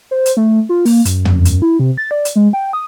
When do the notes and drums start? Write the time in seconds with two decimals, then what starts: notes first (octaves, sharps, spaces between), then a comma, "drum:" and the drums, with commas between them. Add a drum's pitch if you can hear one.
0.11 C5
0.26 drum: hi-hat
0.37 A3
0.69 F4
0.85 A#3, drum: open hi-hat
1.05 F#2, drum: hi-hat
1.25 drum: tom
1.45 drum: hi-hat
1.62 E4
1.79 C3
1.98 A6
2.11 D5
2.25 drum: hi-hat
2.36 G#3
2.53 G5
2.73 D#6